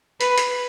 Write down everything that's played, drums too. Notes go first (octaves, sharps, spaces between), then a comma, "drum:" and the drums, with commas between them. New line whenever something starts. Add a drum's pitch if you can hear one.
B4, drum: hi-hat
drum: hi-hat